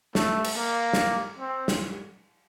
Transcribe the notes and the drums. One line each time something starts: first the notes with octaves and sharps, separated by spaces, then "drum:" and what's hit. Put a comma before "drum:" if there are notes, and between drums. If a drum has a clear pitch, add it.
A3, drum: snare
drum: cymbal
A#3
drum: snare
C4
drum: snare